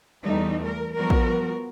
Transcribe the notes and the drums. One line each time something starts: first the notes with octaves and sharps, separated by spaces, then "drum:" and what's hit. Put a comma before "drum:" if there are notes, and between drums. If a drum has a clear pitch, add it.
E2 E3 G3 A3 D#4
A#4
F3 G3 B3 F#4 A#4
drum: kick